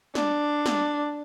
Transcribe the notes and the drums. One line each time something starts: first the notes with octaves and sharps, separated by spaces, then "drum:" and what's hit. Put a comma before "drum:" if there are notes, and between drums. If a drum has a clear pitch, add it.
D4, drum: snare
drum: snare